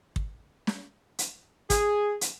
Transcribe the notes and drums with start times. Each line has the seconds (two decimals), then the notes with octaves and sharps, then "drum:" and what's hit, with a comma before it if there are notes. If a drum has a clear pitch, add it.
0.16 drum: kick
0.67 drum: snare
1.19 drum: hi-hat
1.70 G#4, drum: kick, hi-hat
2.21 drum: hi-hat